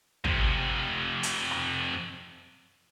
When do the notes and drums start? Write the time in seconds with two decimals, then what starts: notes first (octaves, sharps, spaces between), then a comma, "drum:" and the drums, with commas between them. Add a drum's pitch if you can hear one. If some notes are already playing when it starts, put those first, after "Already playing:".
0.24 F2 C3, drum: kick
1.23 drum: hi-hat
1.51 drum: rim click